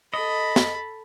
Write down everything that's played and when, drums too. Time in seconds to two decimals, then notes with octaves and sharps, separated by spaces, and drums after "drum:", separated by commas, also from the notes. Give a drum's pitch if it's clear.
0.14 A4 D#5 B5
0.56 drum: snare